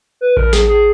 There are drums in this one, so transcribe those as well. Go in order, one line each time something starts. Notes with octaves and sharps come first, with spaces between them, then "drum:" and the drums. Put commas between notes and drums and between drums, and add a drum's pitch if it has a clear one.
B4
A#4, drum: kick A1
G#4, drum: snare
G#4